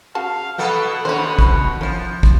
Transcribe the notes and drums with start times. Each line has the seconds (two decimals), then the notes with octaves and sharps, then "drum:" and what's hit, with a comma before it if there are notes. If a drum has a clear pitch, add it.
0.15 C#3 F#4 F5 A5
0.58 B2 B3 A4 F#5
1.05 D#2 B2 D3 C#4 C5
1.39 drum: kick
1.81 F3 C#4 E4
2.23 drum: kick